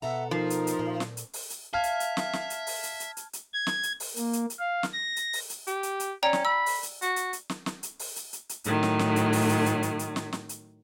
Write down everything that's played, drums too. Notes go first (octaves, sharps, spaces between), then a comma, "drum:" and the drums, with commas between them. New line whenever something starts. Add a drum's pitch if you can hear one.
B2 A4 E5 F#5 A#5
F3 D#4 A#4
drum: hi-hat
drum: hi-hat
A#2
drum: snare
drum: hi-hat
drum: open hi-hat
drum: hi-hat
E5 F5 A5 F6 G#6
drum: hi-hat
drum: hi-hat
drum: snare
drum: snare
drum: hi-hat
drum: open hi-hat
drum: hi-hat
drum: hi-hat
drum: hi-hat
drum: hi-hat
G#6
drum: snare
drum: hi-hat
drum: open hi-hat
A#3, drum: hi-hat
drum: hi-hat
drum: hi-hat
F5
drum: snare
A#6
drum: hi-hat
drum: open hi-hat
drum: hi-hat
G4, drum: hi-hat
drum: hi-hat
drum: hi-hat
C#4 D5 G5 A#5
drum: snare
B5 E6
drum: open hi-hat
drum: hi-hat
F#4, drum: hi-hat
drum: hi-hat
drum: hi-hat
drum: snare
drum: snare
drum: hi-hat
drum: open hi-hat
drum: hi-hat
drum: hi-hat
drum: hi-hat
A2 D#3 F#3, drum: hi-hat
drum: snare
drum: snare
drum: hi-hat
drum: open hi-hat
drum: hi-hat
drum: hi-hat
drum: hi-hat
drum: hi-hat
drum: snare
drum: snare
drum: hi-hat